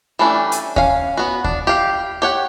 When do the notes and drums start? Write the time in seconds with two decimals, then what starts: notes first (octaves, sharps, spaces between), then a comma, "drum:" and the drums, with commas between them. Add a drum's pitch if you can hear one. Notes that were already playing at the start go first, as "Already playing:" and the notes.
0.19 E3 G3 A3 C#4 D4
0.52 drum: hi-hat
0.76 C#4 F5, drum: kick D#2
1.17 B3 F#4
1.44 D4, drum: kick D#2
1.67 G4 F5
2.22 G4 C#5 F#5